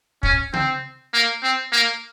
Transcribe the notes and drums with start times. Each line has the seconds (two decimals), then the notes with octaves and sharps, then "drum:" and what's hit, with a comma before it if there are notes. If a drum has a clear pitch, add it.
0.23 C#4, drum: kick
0.53 C4, drum: tom C#3
1.13 A#3
1.43 C4
1.72 A#3